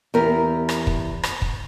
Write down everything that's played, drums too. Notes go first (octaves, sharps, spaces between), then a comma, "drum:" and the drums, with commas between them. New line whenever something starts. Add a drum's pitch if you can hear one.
E2 G4 A#4
drum: rim click
drum: kick
drum: rim click
drum: kick